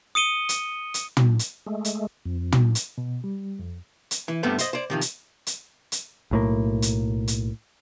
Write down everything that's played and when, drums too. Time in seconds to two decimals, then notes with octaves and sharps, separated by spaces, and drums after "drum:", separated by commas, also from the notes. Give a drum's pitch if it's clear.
0.15 D#6 C#7 D#7 G7
0.49 drum: hi-hat
0.94 drum: hi-hat
1.17 drum: tom
1.39 drum: hi-hat
1.66 G#3 A3
1.85 drum: hi-hat
2.25 F2
2.52 drum: tom
2.75 drum: hi-hat
2.98 B2
3.24 G3
3.59 F2
4.11 drum: hi-hat
4.28 E3
4.43 G2 G3 A3 B3 C4
4.58 C5 D#5, drum: hi-hat
4.73 C5 D5
4.90 C3 D#3 F3
5.01 drum: hi-hat
5.47 drum: hi-hat
5.92 drum: hi-hat
6.31 B1 A2 A#3
6.82 drum: hi-hat
7.28 drum: hi-hat